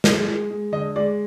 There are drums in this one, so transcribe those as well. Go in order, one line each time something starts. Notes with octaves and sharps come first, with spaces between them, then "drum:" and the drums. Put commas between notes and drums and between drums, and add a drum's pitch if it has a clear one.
G#3, drum: snare
G#3
G#3
D3 D#5
G#3 D5